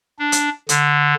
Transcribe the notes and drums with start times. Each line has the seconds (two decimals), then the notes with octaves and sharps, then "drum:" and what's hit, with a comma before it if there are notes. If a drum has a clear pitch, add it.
0.19 D4
0.32 drum: hi-hat
0.69 D3, drum: hi-hat